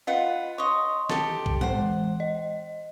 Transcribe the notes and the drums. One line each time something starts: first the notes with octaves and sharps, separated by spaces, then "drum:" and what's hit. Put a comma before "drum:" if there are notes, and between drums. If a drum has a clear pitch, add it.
F4 B4 D#5 F#5
C#5 D#5 C6
G4 A4 A5, drum: snare
drum: kick A#1
E3 G#3 C5 F#5, drum: tom A2
D#5